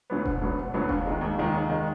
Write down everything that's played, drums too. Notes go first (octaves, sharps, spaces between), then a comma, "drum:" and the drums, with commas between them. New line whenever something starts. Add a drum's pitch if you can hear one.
D2 D3 F#3 B3
E1, drum: kick E1
D2 D3 F#3 B3
E1
D2 D3 F#3 B3
D#2, drum: kick E1
D#3 G#3
D#2
D#3 G#3
D#2
D#3 G#3